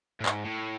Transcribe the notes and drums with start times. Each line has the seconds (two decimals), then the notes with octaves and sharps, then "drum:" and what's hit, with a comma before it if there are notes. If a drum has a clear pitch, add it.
0.20 A2
0.26 G#2, drum: clap
0.44 A2